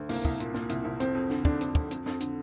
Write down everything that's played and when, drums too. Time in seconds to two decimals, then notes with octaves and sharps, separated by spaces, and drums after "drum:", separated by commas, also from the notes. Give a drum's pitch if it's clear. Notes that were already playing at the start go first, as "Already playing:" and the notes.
Already playing: D2
0.09 C2 A#3, drum: open hi-hat
0.25 C2, drum: kick
0.40 A#2, drum: hi-hat
0.54 A#2, drum: snare
0.69 C2, drum: hi-hat
0.85 C2
1.00 F2 C4, drum: hi-hat
1.15 F2
1.30 D3, drum: snare
1.45 D3 D4, drum: kick
1.61 F2, drum: hi-hat
1.75 F2, drum: kick
1.91 F2, drum: hi-hat
2.06 F2, drum: snare
2.20 D3, drum: hi-hat